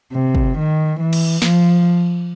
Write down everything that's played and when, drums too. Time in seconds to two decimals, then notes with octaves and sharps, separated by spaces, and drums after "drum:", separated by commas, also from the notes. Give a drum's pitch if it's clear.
0.14 C3
0.35 drum: kick
0.57 D#3
0.99 E3
1.13 drum: cymbal
1.42 F3, drum: snare